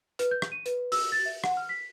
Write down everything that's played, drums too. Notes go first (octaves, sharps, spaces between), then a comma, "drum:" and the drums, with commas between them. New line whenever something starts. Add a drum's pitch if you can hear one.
B4, drum: hi-hat
G6
drum: rim click
D#7
B4, drum: hi-hat
E6, drum: open hi-hat
A6
E5
F#5, drum: rim click
F6
B6